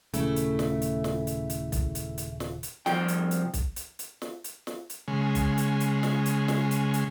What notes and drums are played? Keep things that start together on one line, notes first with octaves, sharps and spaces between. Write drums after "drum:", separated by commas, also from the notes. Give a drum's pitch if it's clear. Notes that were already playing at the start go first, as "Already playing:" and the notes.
D#1 C#3 A3 E4, drum: hi-hat
drum: hi-hat
drum: snare
drum: hi-hat
drum: snare
drum: hi-hat
drum: hi-hat
drum: kick B1, hi-hat
drum: hi-hat
drum: hi-hat
drum: snare
drum: hi-hat
C2 F3 G5, drum: snare
drum: hi-hat
drum: hi-hat
drum: kick B1, hi-hat
drum: hi-hat
drum: hi-hat
drum: snare
drum: hi-hat
drum: snare
drum: hi-hat
C#3 G#3
drum: kick B1, hi-hat
drum: hi-hat
drum: hi-hat
drum: snare
drum: hi-hat
drum: snare
drum: hi-hat
drum: hi-hat